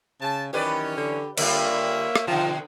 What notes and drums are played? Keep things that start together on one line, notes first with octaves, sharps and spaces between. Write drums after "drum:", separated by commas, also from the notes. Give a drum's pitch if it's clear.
C#3 A5
D#3 E3 F#3 C#4 G4 B4 D5
D3
D3 G3 A#3 F4 C#5 E5, drum: cymbal
drum: rim click
B2 D3 F3 F4